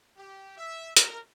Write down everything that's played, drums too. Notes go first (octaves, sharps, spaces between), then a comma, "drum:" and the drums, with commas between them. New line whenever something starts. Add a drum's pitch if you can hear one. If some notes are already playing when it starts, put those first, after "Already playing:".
G4
E5
A#4, drum: hi-hat